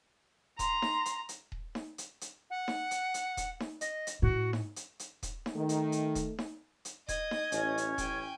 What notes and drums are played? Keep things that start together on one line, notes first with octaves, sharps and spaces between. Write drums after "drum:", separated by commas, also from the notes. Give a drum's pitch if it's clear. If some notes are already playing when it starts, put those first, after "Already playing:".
A#5 C6, drum: kick D#1, hi-hat
drum: snare D#4
drum: hi-hat
drum: hi-hat
drum: kick D#1
drum: snare D#4
drum: hi-hat
drum: hi-hat
F#5
drum: snare D#4
drum: hi-hat
drum: hi-hat
drum: kick D#1, hi-hat
drum: snare D#4
D#5, drum: hi-hat
drum: hi-hat
A2 F#4
drum: snare D#4
drum: hi-hat
drum: hi-hat
drum: kick D#1, hi-hat
drum: snare D#4
D#3 A3
drum: hi-hat
drum: hi-hat
drum: kick D#1, hi-hat
drum: snare D#4
drum: hi-hat
D#5 G#6, drum: kick D#1, hi-hat
drum: snare D#4
A1 C#4, drum: hi-hat
drum: hi-hat
A1 G5 G#5, drum: kick D#1, hi-hat